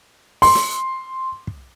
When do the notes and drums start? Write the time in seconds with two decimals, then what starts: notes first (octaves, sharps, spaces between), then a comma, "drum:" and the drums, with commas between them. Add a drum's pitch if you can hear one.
0.42 C6, drum: open hi-hat
0.55 drum: snare
1.47 drum: kick